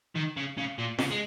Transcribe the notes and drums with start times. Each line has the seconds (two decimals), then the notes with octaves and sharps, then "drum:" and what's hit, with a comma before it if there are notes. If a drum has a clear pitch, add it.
0.15 D#3
0.37 C#3
0.57 C#3
0.78 A#2
0.99 C#3, drum: snare
1.11 G#3